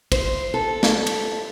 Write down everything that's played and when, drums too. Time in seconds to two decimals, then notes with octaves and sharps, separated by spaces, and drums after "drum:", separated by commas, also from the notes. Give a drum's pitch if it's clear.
0.12 C5, drum: kick, cymbal
0.54 A4
0.83 drum: snare
1.07 drum: cymbal